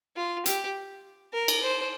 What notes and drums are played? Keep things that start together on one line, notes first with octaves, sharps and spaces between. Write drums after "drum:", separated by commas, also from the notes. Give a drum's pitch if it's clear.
F4
G4, drum: hi-hat
A#4
drum: cymbal
C5